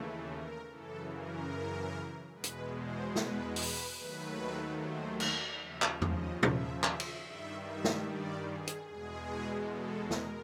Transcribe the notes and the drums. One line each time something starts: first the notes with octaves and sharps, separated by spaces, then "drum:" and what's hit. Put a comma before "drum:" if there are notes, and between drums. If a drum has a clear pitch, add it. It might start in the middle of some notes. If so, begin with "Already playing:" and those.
Already playing: D#2 C#3 E3 A3
A#4
F#2 C#3 E3 A4
A#4
E2 B2 G#3 B4
drum: hi-hat
C5
B4, drum: snare
B4, drum: open hi-hat
D#2 D#3 F#3 A3 B4
C5
D5, drum: cymbal
D#2 C#3 F3 E5
drum: clap
D#5, drum: tom E2
E5, drum: tom
E5, drum: clap
drum: cymbal
G2 D#3 G3 E5
E5
drum: snare
D5
G#4
drum: hi-hat
E2 B2 G#3 G#4
A4
A#4, drum: snare